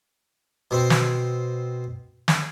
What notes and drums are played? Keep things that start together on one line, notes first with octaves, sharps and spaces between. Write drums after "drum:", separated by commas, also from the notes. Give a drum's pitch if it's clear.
B2 C4
drum: snare
drum: snare